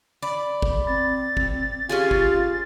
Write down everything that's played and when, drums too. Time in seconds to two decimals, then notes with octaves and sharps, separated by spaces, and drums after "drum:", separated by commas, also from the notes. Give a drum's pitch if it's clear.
0.22 D5 B5
0.62 drum: kick
0.87 C4 A6
1.37 drum: kick
1.89 C#4 F4 G4 G#4 G#5
2.11 drum: kick